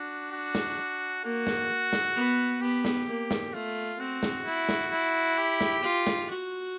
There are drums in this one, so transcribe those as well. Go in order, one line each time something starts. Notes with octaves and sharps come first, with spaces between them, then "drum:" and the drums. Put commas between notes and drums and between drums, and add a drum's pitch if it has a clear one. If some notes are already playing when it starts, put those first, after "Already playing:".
Already playing: D4 F#4
F#4
drum: snare
A#3 F#4
drum: snare
drum: snare
B3
B3 G4
drum: snare
A#3
drum: snare
A3 F4
C4 F#4
drum: snare
E4
drum: snare
E4
G4
drum: snare
F4
drum: snare
F#4